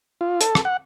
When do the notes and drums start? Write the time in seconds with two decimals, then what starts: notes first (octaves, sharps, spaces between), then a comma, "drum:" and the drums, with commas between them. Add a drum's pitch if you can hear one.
0.21 F4
0.41 A4, drum: hi-hat
0.55 drum: rim click
0.65 F#5